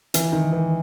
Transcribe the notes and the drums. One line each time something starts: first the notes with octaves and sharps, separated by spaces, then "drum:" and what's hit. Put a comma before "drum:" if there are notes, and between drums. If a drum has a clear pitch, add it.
E3, drum: hi-hat
D#3
E3